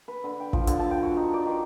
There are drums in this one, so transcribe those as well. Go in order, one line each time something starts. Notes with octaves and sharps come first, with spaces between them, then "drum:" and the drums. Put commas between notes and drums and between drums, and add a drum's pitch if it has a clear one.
B4
D3
G5
F3, drum: kick
D3, drum: hi-hat
A5
G5
F#4
D#4
D5
D#3